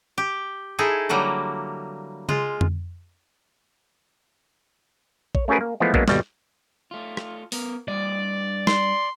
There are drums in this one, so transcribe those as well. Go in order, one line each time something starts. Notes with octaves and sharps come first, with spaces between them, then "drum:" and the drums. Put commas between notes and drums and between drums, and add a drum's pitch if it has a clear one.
G4
D#4 E4 G#4 A4
D3 F#3 G3 A#3
G#3 F4, drum: tom C#3
drum: tom F2
C#5, drum: kick A#1
A3 C#4 F#4 G#4 A#4 B4
A#3
E3 F3 G#3 A3 B3
F#3 G#3 A#3 B3 D4, drum: kick A#1
G1 D#2 B2 G3, drum: snare
A3 F4
drum: rim click
B3 A#4, drum: open hi-hat
G2 G3 D5 D#5
C6, drum: snare